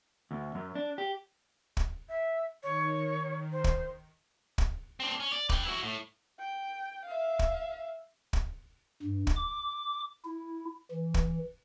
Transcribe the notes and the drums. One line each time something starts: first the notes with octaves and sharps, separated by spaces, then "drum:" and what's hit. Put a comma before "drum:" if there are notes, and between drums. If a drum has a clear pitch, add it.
D2
F#2
D4
G4
drum: kick
E5
D#3 C#5
C5
drum: kick
drum: kick
C4 D4
C#4
D5
B4 G5, drum: kick
E4 F#4
A2
G5
E5 F5
drum: kick
drum: kick
G2
drum: kick
D6
E4
E3
drum: kick